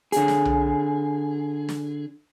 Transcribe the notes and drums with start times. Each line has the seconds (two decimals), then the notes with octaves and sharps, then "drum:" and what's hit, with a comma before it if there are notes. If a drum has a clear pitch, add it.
0.12 D3 G#4, drum: hi-hat
0.28 drum: snare
0.45 drum: tom B1
1.69 drum: snare